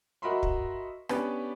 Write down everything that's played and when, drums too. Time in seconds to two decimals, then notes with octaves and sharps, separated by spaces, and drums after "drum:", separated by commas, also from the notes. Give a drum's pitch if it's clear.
0.22 F#4 A#4 D#5 E5 B5 C6
0.43 drum: kick
1.09 B3 C#4 D4 G4 B4, drum: rim click